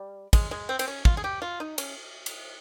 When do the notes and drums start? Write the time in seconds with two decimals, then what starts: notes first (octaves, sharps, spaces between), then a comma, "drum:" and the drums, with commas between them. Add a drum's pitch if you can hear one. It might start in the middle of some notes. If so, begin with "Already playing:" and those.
Already playing: G3
0.33 G#3, drum: kick, cymbal
0.51 G#3
0.69 C4
0.79 C4, drum: cymbal
0.88 C#4
1.05 F4, drum: kick
1.17 G#4
1.24 G4
1.42 F4
1.60 D#4
1.78 C#4, drum: cymbal
2.26 drum: cymbal